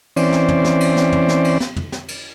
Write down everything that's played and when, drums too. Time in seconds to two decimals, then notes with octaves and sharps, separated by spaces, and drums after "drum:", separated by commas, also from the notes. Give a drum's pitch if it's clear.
0.16 E3 C4 C#4 C5 D5, drum: cymbal
0.32 drum: snare
0.48 drum: tom
0.64 drum: snare
0.80 drum: cymbal
0.96 drum: snare
1.12 drum: tom
1.28 drum: snare
1.44 drum: cymbal
1.60 drum: snare
1.76 drum: tom
1.92 drum: snare
2.08 drum: cymbal